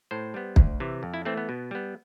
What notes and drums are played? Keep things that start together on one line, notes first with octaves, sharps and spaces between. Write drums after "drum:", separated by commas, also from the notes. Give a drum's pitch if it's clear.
A2 C5
G3 B3
D2, drum: kick
C3 E3
F2
E4
E3 A3 C4
B3
B2
G3 B3